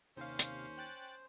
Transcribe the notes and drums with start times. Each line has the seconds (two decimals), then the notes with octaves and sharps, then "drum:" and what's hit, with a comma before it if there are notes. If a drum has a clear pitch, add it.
0.17 D#2 C3 C#4 C5 F5
0.39 drum: hi-hat
0.78 G5 F#6 A6